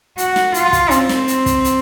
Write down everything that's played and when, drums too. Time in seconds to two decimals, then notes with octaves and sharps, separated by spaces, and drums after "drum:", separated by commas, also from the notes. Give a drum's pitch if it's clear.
0.18 F#4, drum: hi-hat
0.36 drum: snare
0.54 F4, drum: hi-hat
0.73 drum: kick, hi-hat
0.91 C4, drum: hi-hat
1.09 drum: snare
1.28 drum: hi-hat
1.46 drum: kick, hi-hat
1.64 drum: hi-hat